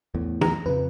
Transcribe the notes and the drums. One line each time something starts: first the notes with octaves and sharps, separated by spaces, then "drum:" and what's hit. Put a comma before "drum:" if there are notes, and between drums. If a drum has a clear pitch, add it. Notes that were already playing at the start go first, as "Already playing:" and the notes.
E2 A2
A#5, drum: tom
F2 C#3 B4